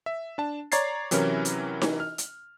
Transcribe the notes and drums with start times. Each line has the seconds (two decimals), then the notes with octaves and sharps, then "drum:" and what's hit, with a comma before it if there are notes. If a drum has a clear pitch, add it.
0.06 E5
0.38 D4 A5
0.72 C#5 D5 A#5 G#6 A6 C7, drum: hi-hat
1.11 C3 E3 F#3 C#4 E4 A#4, drum: hi-hat
1.45 drum: hi-hat
1.82 drum: snare D#4
2.00 F6
2.18 drum: hi-hat